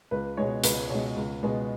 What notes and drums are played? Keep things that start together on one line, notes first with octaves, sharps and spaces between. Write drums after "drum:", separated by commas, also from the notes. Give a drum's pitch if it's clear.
C#2 B4
B2 G#3 C#5
C#2 B4, drum: hi-hat
B2 G#3 C#5
C#2
B2 G#3 B3